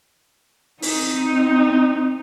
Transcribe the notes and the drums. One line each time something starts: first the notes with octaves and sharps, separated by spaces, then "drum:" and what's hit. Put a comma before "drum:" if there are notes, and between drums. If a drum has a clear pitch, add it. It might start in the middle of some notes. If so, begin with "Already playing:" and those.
C4 D#4, drum: open hi-hat